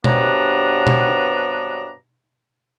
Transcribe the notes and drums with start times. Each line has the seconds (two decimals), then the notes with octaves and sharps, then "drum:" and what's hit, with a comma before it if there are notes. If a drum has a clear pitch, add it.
0.04 G2 C3 F#3 B3 D4 A#5, drum: tom B2
0.87 drum: tom B2